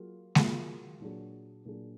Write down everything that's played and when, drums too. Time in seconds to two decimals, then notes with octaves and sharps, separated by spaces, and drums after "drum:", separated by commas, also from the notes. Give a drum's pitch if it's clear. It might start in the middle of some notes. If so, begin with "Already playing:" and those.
Already playing: F#3 A#3 F4 G#4
0.35 F#3 A#3 F4 G#4, drum: snare G#3
1.00 A#2 F#3 D4 G#4
1.65 A#2 F#3 D4 G#4